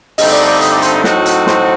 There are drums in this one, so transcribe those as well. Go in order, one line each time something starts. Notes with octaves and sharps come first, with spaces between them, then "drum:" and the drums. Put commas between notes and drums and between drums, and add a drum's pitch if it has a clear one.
G2 D3 A3 C4 D#4 D#5, drum: open hi-hat
D5
D5
D#5, drum: hi-hat
D5
C5, drum: hi-hat
A2 F#3 C4 D#4 F#4, drum: snare
drum: hi-hat
C5, drum: snare